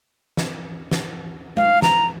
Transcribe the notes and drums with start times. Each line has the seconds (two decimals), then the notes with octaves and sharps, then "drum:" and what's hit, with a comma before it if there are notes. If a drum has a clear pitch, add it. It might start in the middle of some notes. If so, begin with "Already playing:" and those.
0.37 drum: snare
0.91 drum: snare
1.57 F5, drum: tom G#3
1.82 A#5, drum: snare